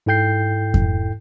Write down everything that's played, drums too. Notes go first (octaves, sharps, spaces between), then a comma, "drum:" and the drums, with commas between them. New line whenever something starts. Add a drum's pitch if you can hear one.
G#2 E4 A4 G5 G6 C7
drum: kick F2